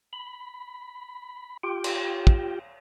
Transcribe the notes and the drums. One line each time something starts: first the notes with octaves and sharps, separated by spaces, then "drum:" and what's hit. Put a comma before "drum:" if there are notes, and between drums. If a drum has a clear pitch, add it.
B5
F4 G4 G5
drum: cymbal
drum: kick